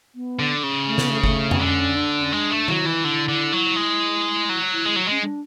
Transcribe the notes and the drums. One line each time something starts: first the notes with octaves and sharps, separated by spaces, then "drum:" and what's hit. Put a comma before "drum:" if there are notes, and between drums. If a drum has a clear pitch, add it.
B3
D3
C#3
A3
B3, drum: snare
A3
A3, drum: kick F#1
B3, drum: tom F2
D3 C#4
D4
C#4
G#3 D4
A3
F#3 E4, drum: tom D#3
E3
D3
D3
F#3
G#3
F#3
E4
G#3
F#3
G#3 C#4
D4